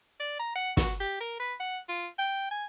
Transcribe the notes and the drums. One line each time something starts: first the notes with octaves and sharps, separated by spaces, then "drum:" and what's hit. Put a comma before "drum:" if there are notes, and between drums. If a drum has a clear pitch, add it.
D5
A#5
F#5
F#4, drum: snare
G4
A#4
B4
F#5
F4
G5
G#5